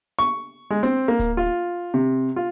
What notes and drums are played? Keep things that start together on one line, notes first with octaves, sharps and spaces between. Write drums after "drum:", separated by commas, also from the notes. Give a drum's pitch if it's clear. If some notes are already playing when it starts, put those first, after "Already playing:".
C#6
G#3
C4, drum: hi-hat
A#3
drum: kick D1, hi-hat
F4
C3
F4